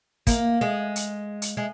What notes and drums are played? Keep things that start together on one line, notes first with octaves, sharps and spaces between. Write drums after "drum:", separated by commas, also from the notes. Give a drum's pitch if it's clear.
A#3, drum: kick, hi-hat
G#3
drum: hi-hat
drum: hi-hat
G#3